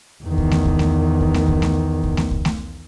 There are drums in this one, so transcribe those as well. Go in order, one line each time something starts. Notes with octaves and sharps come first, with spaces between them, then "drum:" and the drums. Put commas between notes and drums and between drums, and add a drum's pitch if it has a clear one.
E2 D#3
drum: kick C2
drum: snare A3
drum: kick C2
drum: snare A3
drum: kick C2
drum: snare A3
drum: kick C2
drum: snare A3
drum: kick C2
drum: snare A3
drum: kick C2
drum: snare A3